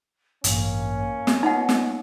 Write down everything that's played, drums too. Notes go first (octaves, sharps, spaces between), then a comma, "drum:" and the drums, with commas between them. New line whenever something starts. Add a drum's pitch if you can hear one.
A1 G2 A#3 C#4, drum: hi-hat
drum: snare
B3 D#4 F4 D#5 F#5
drum: snare